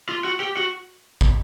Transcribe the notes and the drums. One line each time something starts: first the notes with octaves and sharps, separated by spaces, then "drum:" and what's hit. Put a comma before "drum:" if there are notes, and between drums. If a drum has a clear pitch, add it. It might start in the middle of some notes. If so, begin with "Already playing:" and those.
F4
F#4
G4
F#4
drum: kick